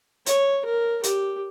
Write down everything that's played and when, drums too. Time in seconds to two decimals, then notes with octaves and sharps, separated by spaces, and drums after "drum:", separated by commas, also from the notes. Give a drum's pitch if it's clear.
0.26 C#5, drum: hi-hat
0.65 A#4
1.03 G4, drum: hi-hat